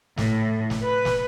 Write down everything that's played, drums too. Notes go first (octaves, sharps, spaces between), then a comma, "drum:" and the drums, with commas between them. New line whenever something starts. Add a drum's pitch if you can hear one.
A2, drum: snare
drum: snare
B4
drum: snare